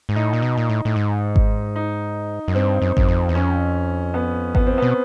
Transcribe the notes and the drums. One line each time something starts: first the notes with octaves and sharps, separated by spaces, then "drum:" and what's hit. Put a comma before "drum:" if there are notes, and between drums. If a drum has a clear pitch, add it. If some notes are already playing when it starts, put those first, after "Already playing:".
G#2
A2 D#4
A#2
B2
A#2
A2
A2
G#2
drum: kick G#1
D#4
F#2
G2 C4
F#2
F#2, drum: kick G#1
F2
E2
F2 C#4
B3
B3, drum: kick G#1
C4
B2 B3